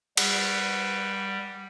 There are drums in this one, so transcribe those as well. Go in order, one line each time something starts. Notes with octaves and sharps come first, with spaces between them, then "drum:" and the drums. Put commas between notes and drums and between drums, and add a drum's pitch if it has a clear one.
G3 F#5, drum: cymbal